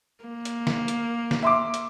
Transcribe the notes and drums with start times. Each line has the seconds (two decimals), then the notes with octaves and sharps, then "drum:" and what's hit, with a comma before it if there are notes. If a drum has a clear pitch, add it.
0.24 A#3
0.45 drum: hi-hat
0.67 drum: snare
0.88 drum: hi-hat
1.31 drum: snare
1.42 E5 C6 D6
1.74 drum: hi-hat